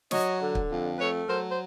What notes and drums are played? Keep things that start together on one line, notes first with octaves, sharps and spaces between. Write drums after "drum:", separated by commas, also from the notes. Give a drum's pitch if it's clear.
F#3 C#5 D#5, drum: snare
D3
drum: kick
F2
A3 B4 C#5
F#3 A#4 C5
C5